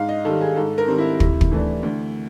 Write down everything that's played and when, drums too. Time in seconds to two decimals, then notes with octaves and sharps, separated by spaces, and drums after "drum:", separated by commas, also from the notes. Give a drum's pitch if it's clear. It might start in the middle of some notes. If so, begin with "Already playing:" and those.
Already playing: G#2 F5
0.09 D#5
0.25 D#3 G3 A4
0.41 G#4
0.56 G#2 A4
0.78 A#4
0.88 D#3 G3 C4
0.98 E4
1.20 C3, drum: kick
1.41 drum: kick
1.51 E3 A3 D4
1.83 D2